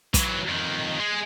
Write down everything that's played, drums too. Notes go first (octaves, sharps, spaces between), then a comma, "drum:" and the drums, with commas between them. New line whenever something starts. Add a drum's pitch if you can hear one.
E3 F#3, drum: kick, hi-hat
F2 D#3
G#3 G#4